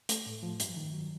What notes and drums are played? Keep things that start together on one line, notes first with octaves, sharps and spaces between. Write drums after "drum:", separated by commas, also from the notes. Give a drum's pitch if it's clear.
A3, drum: hi-hat
A2
F3
G2, drum: hi-hat
D#3
F#3